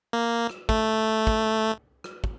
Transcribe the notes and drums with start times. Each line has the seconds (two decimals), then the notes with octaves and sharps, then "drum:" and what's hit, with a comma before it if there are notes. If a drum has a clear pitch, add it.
0.13 A#3
0.50 drum: rim click
0.69 A3, drum: kick
1.27 drum: kick
2.04 drum: rim click
2.24 drum: kick